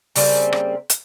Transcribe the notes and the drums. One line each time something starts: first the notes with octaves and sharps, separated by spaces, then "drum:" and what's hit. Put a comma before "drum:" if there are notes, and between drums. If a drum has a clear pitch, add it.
C#3 G3 A#3 C4, drum: open hi-hat
drum: rim click
drum: hi-hat